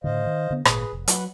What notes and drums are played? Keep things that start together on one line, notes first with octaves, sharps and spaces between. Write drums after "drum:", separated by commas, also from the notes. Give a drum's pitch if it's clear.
A2 D3 C5 D#5 F5
D#3
D3 B3
G#1 A#2 G#4 B4, drum: rim click
F1
F#3 B4 F#5, drum: hi-hat